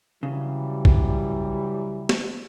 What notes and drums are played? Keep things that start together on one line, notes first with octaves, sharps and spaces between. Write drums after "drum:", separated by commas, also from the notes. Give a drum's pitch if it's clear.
C#3 E3 F#3 G3
drum: kick
drum: snare